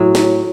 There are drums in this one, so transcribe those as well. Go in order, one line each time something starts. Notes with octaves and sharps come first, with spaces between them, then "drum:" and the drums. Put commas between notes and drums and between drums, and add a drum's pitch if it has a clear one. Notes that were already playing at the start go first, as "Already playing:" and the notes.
Already playing: A2 F#3
drum: snare